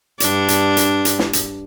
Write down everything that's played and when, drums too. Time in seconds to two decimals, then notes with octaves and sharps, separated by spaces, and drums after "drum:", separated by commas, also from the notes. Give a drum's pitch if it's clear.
0.20 G2 D4, drum: hi-hat
0.48 drum: hi-hat
0.77 drum: hi-hat
1.05 drum: hi-hat
1.19 drum: snare
1.33 drum: hi-hat